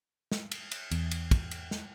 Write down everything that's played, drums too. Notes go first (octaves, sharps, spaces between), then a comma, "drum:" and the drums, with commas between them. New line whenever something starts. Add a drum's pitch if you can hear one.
drum: snare
drum: cymbal
drum: cymbal
E2, drum: cymbal
drum: cymbal
drum: kick, cymbal
drum: cymbal
drum: snare